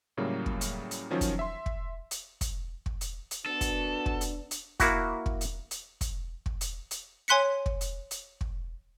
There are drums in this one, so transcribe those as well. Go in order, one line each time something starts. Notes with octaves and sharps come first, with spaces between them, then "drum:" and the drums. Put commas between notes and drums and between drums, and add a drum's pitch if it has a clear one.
A2 C#3 F#3 G3 A#3
drum: kick
drum: hi-hat
drum: hi-hat
D#3 F3 F#3 C#4 F4
drum: kick, hi-hat
E5 C6
drum: kick
drum: hi-hat
drum: kick, hi-hat
drum: kick
drum: hi-hat
drum: hi-hat
F#2 B3 D4 F#4 A4
drum: kick, hi-hat
drum: kick
drum: hi-hat
drum: hi-hat
A#3 E4 F#4, drum: kick, hi-hat
drum: kick
drum: hi-hat
drum: hi-hat
drum: kick, hi-hat
drum: kick
drum: hi-hat
drum: hi-hat
C#5 G#5 C6 F#6 B6 C#7
drum: kick
drum: hi-hat
drum: hi-hat
drum: kick